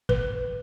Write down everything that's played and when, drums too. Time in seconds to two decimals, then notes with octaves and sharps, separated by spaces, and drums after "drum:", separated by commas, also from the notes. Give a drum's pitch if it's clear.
0.09 B4, drum: kick